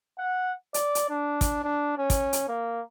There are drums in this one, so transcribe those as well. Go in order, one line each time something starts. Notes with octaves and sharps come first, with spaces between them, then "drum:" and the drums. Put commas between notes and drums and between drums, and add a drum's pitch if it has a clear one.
F#5
D5, drum: hi-hat
drum: hi-hat
D4
drum: kick, hi-hat
D4
C#4
drum: kick, hi-hat
drum: hi-hat
A#3